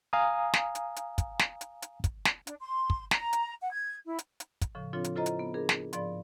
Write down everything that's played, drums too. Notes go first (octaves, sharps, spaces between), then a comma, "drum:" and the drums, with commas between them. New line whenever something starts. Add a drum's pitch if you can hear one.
F5 G#5 A#5 D#6
drum: snare
drum: hi-hat
drum: hi-hat
drum: kick, hi-hat
drum: snare
drum: hi-hat
drum: hi-hat
drum: kick, hi-hat
drum: snare
D4, drum: hi-hat
C6
drum: kick
A#5, drum: snare
drum: hi-hat
F#5
G#6
E4
drum: hi-hat
drum: hi-hat
drum: kick, hi-hat
A2 C#3 F3
F3 C4 D4 F4 A4 C#5
drum: hi-hat
E4 F4 A4 C5 D#5 A#5
drum: hi-hat
B3
D4 G#4 A#4
drum: snare
G#2 F3 D5 B5, drum: hi-hat